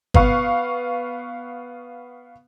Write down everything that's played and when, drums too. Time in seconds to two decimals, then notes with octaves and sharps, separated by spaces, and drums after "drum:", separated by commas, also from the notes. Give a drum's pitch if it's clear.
0.14 B3 F5 C#6, drum: kick G1